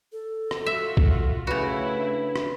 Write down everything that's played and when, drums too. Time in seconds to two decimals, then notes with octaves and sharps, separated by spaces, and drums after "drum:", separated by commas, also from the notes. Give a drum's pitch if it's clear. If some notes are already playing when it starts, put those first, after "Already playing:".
0.12 A4
0.51 drum: rim click
0.66 F4 F#4 E5
0.97 drum: kick
1.47 C#3 A3 E4 F#4 B4 C#5
1.93 D4
2.36 drum: rim click